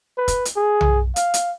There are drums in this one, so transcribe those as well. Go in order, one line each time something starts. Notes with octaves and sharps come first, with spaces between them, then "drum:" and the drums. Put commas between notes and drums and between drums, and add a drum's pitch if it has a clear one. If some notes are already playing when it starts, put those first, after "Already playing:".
B4
drum: kick, hi-hat
drum: hi-hat
G#4
drum: tom B1
F5, drum: hi-hat
drum: hi-hat